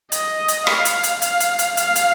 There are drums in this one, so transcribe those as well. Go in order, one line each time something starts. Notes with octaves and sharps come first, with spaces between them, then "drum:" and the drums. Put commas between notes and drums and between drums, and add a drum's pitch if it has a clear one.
D#5, drum: hi-hat
drum: hi-hat
F5, drum: rim click
drum: hi-hat
drum: hi-hat
F5, drum: hi-hat
drum: hi-hat
drum: hi-hat
F5, drum: hi-hat
drum: hi-hat